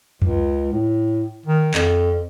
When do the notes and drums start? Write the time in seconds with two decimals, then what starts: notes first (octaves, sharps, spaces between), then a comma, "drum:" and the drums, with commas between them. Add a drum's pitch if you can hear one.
0.22 C#2, drum: tom F2
0.72 A2
1.46 D#3
1.74 F2, drum: clap